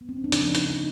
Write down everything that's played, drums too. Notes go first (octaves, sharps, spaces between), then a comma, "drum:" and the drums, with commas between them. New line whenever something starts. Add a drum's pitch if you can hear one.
B3
C4
C#4
D4
C#3 F3 A#3 D#4, drum: hi-hat
D#4, drum: hi-hat
D#4